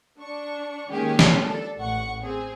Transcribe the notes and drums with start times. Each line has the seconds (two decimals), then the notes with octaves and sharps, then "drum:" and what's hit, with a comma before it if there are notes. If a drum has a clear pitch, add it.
0.19 D4 C#6
0.89 D#3 G#3 A#3 C#4 G4 G#4
1.19 drum: snare
1.44 D4 A4
1.78 A1 F#5 C#6
2.22 C4 G#4